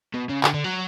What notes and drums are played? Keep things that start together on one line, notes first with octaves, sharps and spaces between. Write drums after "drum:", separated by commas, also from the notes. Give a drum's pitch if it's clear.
B2
C#3
D3, drum: clap
D3
F#3